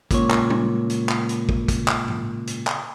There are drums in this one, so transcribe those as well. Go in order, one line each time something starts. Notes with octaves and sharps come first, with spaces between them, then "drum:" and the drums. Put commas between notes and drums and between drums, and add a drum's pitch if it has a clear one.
C#2 A#2 C#5, drum: kick, hi-hat
drum: clap
drum: tom G3
drum: hi-hat
drum: clap
drum: hi-hat
drum: kick
drum: kick, hi-hat
drum: clap
drum: tom G#2
drum: hi-hat
drum: clap